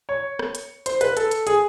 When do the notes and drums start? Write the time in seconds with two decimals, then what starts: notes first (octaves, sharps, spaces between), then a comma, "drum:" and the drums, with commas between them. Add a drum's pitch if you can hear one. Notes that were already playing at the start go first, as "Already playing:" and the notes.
0.09 C#5
0.39 drum: rim click
0.55 drum: hi-hat
0.86 C5, drum: hi-hat
1.01 B4, drum: hi-hat
1.17 A4, drum: hi-hat
1.31 drum: hi-hat
1.47 G#4, drum: hi-hat